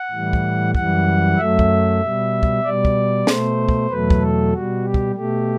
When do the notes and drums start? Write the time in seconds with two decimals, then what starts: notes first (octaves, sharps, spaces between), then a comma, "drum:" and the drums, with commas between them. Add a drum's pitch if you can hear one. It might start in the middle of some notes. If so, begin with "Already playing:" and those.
Already playing: F#5
0.12 A2 E3 G3
0.33 drum: kick
0.75 F#2 E3 G3 F#5, drum: kick
1.37 F#2 F#3 A3 E5
1.59 drum: kick
2.01 B2 G3
2.43 drum: kick
2.63 B2 G3 D5
2.85 drum: kick
3.27 B2 A3 C5, drum: snare
3.69 drum: kick
3.90 E2 B2 F#3 A3 B4
4.10 drum: kick
4.21 A4
4.52 B2 G3 F#4
4.84 G4
4.94 drum: kick
5.15 B2 A3 G4